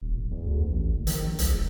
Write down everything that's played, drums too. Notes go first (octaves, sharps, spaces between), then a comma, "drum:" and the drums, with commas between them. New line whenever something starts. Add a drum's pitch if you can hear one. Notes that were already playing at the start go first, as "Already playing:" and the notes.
D#1
D1
E2
D2
A1
F#1
D#3, drum: hi-hat
A#1
C#2, drum: hi-hat
E1